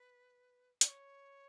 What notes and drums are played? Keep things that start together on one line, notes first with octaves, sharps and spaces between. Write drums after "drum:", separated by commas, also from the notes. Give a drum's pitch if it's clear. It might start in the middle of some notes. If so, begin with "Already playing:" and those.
Already playing: B4
D5, drum: hi-hat
C#5